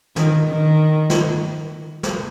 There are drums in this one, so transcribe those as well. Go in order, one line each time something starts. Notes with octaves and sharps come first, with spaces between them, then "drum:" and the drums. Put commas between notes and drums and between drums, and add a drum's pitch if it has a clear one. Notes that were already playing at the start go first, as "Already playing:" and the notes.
D#3, drum: snare
D#3
drum: snare
drum: snare